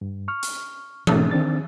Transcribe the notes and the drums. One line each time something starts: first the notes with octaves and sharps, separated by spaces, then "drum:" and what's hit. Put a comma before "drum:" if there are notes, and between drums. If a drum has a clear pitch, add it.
G2
C#6 F6
drum: hi-hat
G#2 B2 A3 A#3 C#4 D#4, drum: tom E3
D#3 C4 D4 A6